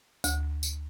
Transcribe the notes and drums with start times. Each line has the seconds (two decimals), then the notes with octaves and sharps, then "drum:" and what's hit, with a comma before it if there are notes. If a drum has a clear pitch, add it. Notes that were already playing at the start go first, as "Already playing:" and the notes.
0.24 D2, drum: tambourine
0.63 drum: tambourine